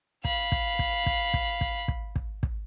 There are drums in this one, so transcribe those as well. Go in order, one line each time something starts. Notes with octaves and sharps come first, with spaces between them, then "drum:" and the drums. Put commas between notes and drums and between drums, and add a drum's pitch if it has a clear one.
F5 B5, drum: kick
drum: kick
drum: kick
drum: kick
drum: kick
drum: kick
drum: kick
drum: kick
drum: kick